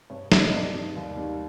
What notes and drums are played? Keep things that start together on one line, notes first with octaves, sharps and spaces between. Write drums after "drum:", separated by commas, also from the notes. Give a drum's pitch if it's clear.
G2 C#5
D#3 G3, drum: snare
D#5
G2 D5
D#3 G3
D#2
D#3 G3